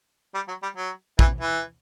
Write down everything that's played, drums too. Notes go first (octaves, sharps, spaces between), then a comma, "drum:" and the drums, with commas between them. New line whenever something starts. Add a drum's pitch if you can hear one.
G3
F#3
G3
F#3
E3, drum: kick
E3